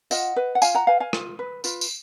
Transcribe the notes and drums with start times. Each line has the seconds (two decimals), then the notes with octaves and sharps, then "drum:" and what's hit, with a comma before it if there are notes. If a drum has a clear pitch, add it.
0.11 F4 D#5 F#5, drum: tambourine
0.36 B4
0.55 F#5
0.62 F4 F5 G#5, drum: tambourine
0.75 F#5 A#5
0.87 B4 F5 G#5
1.00 F5 G#5
1.13 F4, drum: rim click
1.39 B4
1.64 F4 B4, drum: tambourine
1.81 drum: tambourine